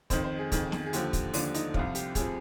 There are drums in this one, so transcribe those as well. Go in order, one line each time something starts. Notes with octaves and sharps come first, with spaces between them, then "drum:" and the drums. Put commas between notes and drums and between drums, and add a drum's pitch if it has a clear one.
F2 D#3 C5, drum: kick, hi-hat
C5
G#4
F2 D#3 G#4, drum: kick, hi-hat
drum: snare
G#4
D#2 D3 F3 G4, drum: hi-hat
drum: kick, hi-hat
D#2 D3 F3 D4, drum: open hi-hat
D#4, drum: hi-hat
C2 C3 F3 F4, drum: kick
G4, drum: hi-hat
C3 F3 G#4, drum: kick, hi-hat